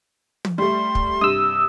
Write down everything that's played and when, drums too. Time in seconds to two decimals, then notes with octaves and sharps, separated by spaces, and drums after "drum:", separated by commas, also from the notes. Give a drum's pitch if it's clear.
0.45 drum: tom
0.58 G3 A3 C6
0.95 drum: kick
1.21 G2 C3 D#6 E6